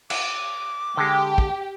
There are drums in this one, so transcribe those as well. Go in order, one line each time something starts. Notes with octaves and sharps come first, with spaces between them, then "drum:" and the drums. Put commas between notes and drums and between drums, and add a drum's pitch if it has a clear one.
F#5 D6, drum: cymbal
D3 G#3 G4
drum: kick